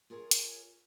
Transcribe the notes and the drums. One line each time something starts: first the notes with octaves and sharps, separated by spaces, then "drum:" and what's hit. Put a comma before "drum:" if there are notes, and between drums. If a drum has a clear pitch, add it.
F4 G#4 A#4 C#5
drum: hi-hat